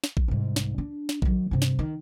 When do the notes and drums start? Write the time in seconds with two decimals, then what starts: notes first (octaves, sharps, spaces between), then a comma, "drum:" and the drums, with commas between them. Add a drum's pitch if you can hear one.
0.04 drum: snare
0.17 drum: kick A#1
0.28 C2 G#2
0.56 drum: snare
0.78 D4
1.09 drum: snare
1.22 D#3 F#3, drum: kick A#1
1.51 G2 C3
1.62 drum: snare
1.79 D#3